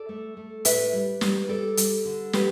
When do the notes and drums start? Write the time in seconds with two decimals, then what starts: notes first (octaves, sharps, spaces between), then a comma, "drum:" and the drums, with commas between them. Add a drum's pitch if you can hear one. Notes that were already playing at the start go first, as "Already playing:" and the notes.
Already playing: A4 D5
0.09 A3
0.37 A3
0.65 A2 B4 E5, drum: hi-hat
0.93 G3
1.21 G3, drum: snare
1.49 G3 A4 D5
1.77 G3, drum: hi-hat
2.05 D3
2.33 G3 G4 B4, drum: snare